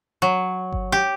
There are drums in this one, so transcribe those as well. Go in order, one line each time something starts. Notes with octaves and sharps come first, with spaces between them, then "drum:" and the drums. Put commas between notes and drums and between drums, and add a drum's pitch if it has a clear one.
F#3
drum: kick G1
G4